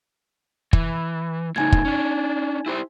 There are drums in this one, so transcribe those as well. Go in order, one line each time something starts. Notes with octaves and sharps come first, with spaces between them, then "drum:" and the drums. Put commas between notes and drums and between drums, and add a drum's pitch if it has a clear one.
E3, drum: kick
A2 C#3 D#4 G#5 G#6
drum: kick
C#4 D4
E4 G4 C5